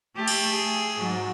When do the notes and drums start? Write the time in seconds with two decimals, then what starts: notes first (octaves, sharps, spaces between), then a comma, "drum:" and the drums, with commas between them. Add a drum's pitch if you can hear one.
0.15 A3 G4
0.28 drum: cymbal
0.53 G#4
0.99 G#2 F#3